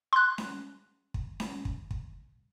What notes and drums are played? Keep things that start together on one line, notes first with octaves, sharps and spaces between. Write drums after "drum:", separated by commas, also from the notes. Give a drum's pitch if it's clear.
C6 F#6
drum: snare C#4
drum: kick
drum: snare C#4
drum: kick
drum: kick